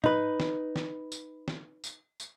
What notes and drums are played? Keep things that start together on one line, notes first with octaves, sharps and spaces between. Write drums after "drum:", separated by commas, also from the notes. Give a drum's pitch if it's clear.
D#4 B4, drum: tom A2
drum: snare
drum: snare
drum: tambourine
drum: snare
drum: tambourine
drum: tambourine